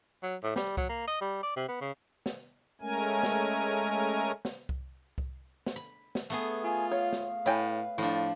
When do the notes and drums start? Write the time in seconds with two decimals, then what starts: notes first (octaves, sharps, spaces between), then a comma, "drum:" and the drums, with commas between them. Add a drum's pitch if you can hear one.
0.23 F#3
0.43 A2
0.56 G3, drum: snare
0.77 F#3, drum: kick C2
0.89 A#3
1.08 D#5
1.21 G3
1.43 D5
1.56 C3
1.68 B3
1.81 C#3
2.26 drum: snare
2.81 G#3 A3 C#4 A#4 G#5
3.23 drum: snare
4.45 drum: snare
4.69 drum: kick C2
5.18 drum: kick C2
5.66 drum: snare
5.76 B5
6.15 drum: snare
6.30 A3 B3 G#4
6.64 F4 G#5
6.91 C#5 F5
7.12 drum: snare
7.46 A2 B4 C#5 G5 G#5
7.98 A2 F3 D4